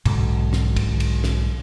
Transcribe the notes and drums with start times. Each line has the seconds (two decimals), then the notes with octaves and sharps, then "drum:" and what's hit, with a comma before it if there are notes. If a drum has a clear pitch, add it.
0.06 B1 G#2 B2 D3, drum: kick, cymbal
0.53 drum: snare
0.76 drum: kick, cymbal
1.00 drum: cymbal
1.24 drum: snare